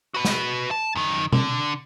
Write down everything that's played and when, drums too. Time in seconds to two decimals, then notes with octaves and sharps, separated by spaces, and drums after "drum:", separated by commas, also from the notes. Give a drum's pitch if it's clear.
0.14 F#4 B4
0.25 drum: snare
0.71 A5
0.95 F#2 D#3
1.33 D3, drum: tom B2